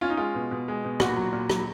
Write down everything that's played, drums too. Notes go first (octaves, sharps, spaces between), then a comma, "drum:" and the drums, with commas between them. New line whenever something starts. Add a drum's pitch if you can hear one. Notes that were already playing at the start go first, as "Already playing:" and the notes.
C#4 F4
D#4
G#3 F4
B2
B2
G#3
B2
A#2 F#4, drum: rim click
F#3
A#2
F#3, drum: rim click